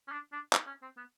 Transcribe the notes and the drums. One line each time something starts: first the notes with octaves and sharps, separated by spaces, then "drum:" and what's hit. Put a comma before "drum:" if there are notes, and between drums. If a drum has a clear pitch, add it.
C#4
D4
D4
D#4, drum: clap
C#4
C4
B3